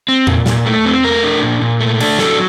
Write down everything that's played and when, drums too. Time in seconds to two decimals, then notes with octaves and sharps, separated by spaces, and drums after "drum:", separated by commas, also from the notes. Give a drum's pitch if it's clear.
0.09 C4
0.27 A#2, drum: tom E2
0.46 A#2, drum: snare
0.66 A3
0.85 C4
1.04 A3 A#4
1.24 D4
1.43 A#2
1.61 A#2
1.80 A3
2.00 D4, drum: cymbal
2.19 F#3 A4, drum: snare